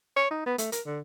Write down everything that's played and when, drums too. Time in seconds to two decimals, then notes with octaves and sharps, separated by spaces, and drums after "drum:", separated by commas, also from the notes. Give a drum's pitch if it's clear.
0.17 C#5
0.31 D#4
0.46 B3
0.58 A3, drum: hi-hat
0.72 A#4, drum: hi-hat
0.86 D3